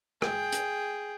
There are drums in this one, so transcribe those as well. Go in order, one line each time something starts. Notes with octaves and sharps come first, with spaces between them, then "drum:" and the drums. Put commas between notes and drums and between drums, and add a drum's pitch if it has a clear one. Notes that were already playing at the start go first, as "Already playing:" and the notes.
G#4 G5, drum: rim click
drum: hi-hat